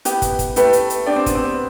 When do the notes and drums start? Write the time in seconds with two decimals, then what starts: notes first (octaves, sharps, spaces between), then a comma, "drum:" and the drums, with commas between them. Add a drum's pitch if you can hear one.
0.05 B3 E4 G4 B4, drum: hi-hat
0.22 drum: kick, hi-hat
0.39 drum: kick, hi-hat
0.56 A3 E4 G4 B4, drum: hi-hat
0.73 drum: hi-hat
0.90 drum: hi-hat
1.06 B3 D4 G4 D5
1.16 C4
1.26 B3, drum: kick, hi-hat
1.35 C4
1.45 B3